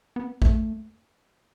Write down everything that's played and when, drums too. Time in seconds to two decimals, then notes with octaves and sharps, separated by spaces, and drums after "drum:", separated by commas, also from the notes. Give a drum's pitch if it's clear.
0.16 B3
0.42 A3, drum: kick A1